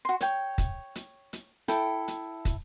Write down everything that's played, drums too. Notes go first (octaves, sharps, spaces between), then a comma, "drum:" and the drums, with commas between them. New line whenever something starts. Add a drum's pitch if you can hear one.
F#4 C6
C#5 G5, drum: hi-hat
drum: kick, hi-hat
drum: hi-hat
drum: hi-hat
E4 A4 G5, drum: hi-hat
drum: hi-hat
drum: kick, hi-hat